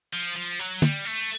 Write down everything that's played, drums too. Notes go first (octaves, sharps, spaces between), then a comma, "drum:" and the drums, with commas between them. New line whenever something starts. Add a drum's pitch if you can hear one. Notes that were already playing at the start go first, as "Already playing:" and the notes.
F3
F3
F#3
G3, drum: tom
A3